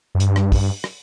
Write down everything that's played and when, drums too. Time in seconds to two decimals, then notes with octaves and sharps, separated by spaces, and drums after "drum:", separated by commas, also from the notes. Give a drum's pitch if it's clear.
0.15 F#2
0.20 G2, drum: hi-hat
0.36 drum: rim click
0.52 drum: kick, open hi-hat
0.84 drum: rim click